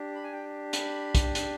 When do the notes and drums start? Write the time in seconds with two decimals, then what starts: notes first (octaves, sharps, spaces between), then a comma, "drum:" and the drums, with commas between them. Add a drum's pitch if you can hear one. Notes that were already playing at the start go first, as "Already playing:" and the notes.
Already playing: D4 G4
0.15 B5
0.24 G#5
0.33 G5
0.73 B5, drum: hi-hat
1.15 drum: kick B1, hi-hat
1.35 drum: hi-hat